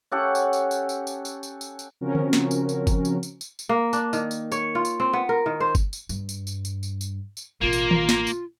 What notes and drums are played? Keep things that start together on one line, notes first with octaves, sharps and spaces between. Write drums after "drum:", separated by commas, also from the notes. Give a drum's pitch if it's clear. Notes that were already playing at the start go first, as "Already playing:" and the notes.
C#4 G4 A4 F#5
drum: tambourine
drum: tambourine
drum: tambourine
drum: tambourine
drum: tambourine
drum: tambourine
drum: tambourine
drum: tambourine
drum: tambourine
C#3 F3 C4 C#4 F#4 A#4
drum: tom D3
drum: snare
drum: tambourine
drum: tambourine
drum: kick G1, tambourine
drum: tambourine
drum: tambourine
drum: tambourine
drum: tambourine
A#3
D4, drum: tambourine
D#3, drum: tambourine
drum: tambourine
C#5, drum: tambourine
F4
drum: tambourine
C4
B3
A#4
D#3
C5
drum: kick G1, tambourine
drum: tambourine
G2, drum: tambourine
drum: tambourine
drum: tambourine
drum: tambourine
drum: tambourine
drum: tambourine
drum: tambourine
A1 B2 A#3 F4
drum: tambourine
drum: tom D#3
drum: snare
drum: tambourine